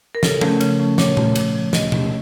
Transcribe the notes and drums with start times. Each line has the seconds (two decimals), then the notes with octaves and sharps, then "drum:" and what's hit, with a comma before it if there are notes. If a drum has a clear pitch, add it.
0.15 A#4
0.23 C#3 A4, drum: snare
0.41 F3 A3 C#4, drum: tom F3
0.61 C#3, drum: cymbal
0.79 F3 A3 C#4
0.98 A#2 C#5, drum: snare
1.17 F3 A3, drum: tom A#2
1.35 A#2, drum: cymbal
1.55 F3 A3
1.73 D#2 D#5, drum: snare
1.92 C#3 A3 C#4, drum: tom B2